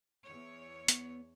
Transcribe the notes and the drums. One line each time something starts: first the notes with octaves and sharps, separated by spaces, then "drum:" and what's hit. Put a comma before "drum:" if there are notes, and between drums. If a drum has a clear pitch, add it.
E2 C#5
B3, drum: hi-hat